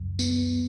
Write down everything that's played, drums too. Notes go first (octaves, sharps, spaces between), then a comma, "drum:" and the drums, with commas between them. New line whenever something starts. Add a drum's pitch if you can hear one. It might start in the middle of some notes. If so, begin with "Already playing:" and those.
Already playing: C#2 F#2
B3, drum: tambourine